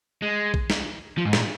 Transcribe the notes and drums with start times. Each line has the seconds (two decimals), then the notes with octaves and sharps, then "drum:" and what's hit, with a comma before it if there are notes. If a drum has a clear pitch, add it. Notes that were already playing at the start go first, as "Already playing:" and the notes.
0.22 G#3
0.54 drum: kick A#1
0.70 drum: snare
1.18 F3
1.25 G#2
1.33 A#2, drum: snare